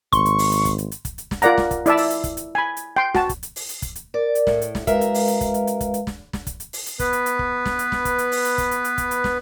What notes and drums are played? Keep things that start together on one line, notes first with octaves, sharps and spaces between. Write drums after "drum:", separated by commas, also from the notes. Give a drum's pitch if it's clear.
G#1 C6 C#6, drum: kick, hi-hat
drum: hi-hat
drum: open hi-hat
drum: hi-hat
drum: kick, hi-hat
drum: hi-hat
drum: hi-hat
drum: kick, hi-hat
drum: hi-hat
drum: snare
F4 A#4 D5 F#5 A#5, drum: hi-hat
drum: snare
drum: kick, hi-hat
E4 D5 E5 A5, drum: hi-hat
drum: open hi-hat
drum: hi-hat
drum: kick, hi-hat
drum: hi-hat
G#5 B5
drum: hi-hat
G5 C6
F#4 A5, drum: snare
drum: kick, hi-hat
drum: hi-hat
drum: open hi-hat
drum: hi-hat
drum: kick, hi-hat
drum: hi-hat
A#4 D5
drum: hi-hat
A2, drum: snare
drum: hi-hat
drum: snare
F#2 G#3 A#4 B4 E5 F5, drum: kick, hi-hat
drum: hi-hat
drum: open hi-hat
drum: hi-hat
drum: kick, hi-hat
drum: hi-hat
drum: hi-hat
drum: kick, hi-hat
drum: hi-hat
drum: snare
drum: snare
drum: kick, hi-hat
drum: hi-hat
drum: open hi-hat
drum: hi-hat
B3 B4, drum: kick, hi-hat
drum: hi-hat
drum: hi-hat
drum: kick
drum: snare
drum: hi-hat
drum: snare
drum: kick, hi-hat
drum: hi-hat
drum: open hi-hat
drum: hi-hat
drum: kick, hi-hat
drum: hi-hat
drum: hi-hat
drum: kick, hi-hat
drum: hi-hat
drum: snare